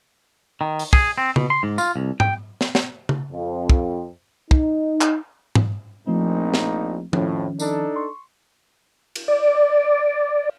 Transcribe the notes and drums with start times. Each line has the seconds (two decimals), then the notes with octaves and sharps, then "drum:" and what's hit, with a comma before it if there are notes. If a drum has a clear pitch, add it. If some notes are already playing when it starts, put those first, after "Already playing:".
0.61 D#3
0.79 drum: open hi-hat
0.93 G#4, drum: kick
1.18 C4
1.36 B2, drum: tom C#3
1.50 C6
1.63 G#2
1.78 F4, drum: tambourine
1.96 C2
2.20 G5, drum: tom G#2
2.61 drum: snare
2.75 drum: snare
3.09 drum: tom C#3
3.32 F2
3.70 drum: kick
4.51 D#4, drum: kick
5.01 drum: clap
5.55 drum: tom G#2
6.07 A#1 A#2 F3 A3 C4 D#4
6.54 drum: snare
7.13 F2 A2 D#3 F3 C#4, drum: tom F3
7.59 D4 D#4 A4, drum: tambourine
7.96 C6 C#6
9.16 drum: cymbal
9.28 D5